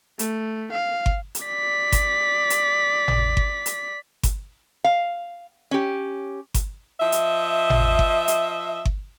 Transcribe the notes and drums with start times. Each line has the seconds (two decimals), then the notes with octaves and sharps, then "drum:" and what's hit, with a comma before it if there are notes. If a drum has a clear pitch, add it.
0.19 A3, drum: hi-hat
0.72 F5
1.06 drum: kick G1
1.35 drum: hi-hat
1.45 D5 B6
1.92 drum: kick G1, hi-hat
2.50 drum: hi-hat
3.08 drum: tom G#1
3.37 drum: kick G1
3.66 drum: hi-hat
4.23 drum: kick G1, hi-hat
4.84 F5
5.71 C#4 G4
6.54 drum: kick G1, hi-hat
7.00 F3 D#5 E5
7.12 drum: hi-hat
7.70 drum: tom G#1
7.99 drum: kick G1
8.28 drum: hi-hat
8.85 drum: kick G1